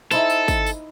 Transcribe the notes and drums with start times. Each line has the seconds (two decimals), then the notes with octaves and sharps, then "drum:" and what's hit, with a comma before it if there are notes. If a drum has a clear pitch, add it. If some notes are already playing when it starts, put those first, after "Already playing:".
0.11 D#4 E4 A4 C5, drum: tambourine
0.30 drum: tambourine
0.48 drum: kick, tambourine
0.66 drum: tambourine